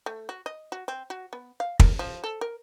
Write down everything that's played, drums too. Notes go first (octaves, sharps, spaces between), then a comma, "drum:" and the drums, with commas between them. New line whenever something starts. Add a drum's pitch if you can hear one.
A3
F#4
D#5
F#4
C4
F#4
B3
F5
A#4, drum: kick
F3
A4
A#4